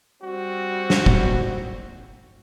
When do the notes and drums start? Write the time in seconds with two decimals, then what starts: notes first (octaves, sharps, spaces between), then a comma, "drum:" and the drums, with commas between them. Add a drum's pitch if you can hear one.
0.23 G3 C4 F#4
0.90 drum: snare
1.06 drum: kick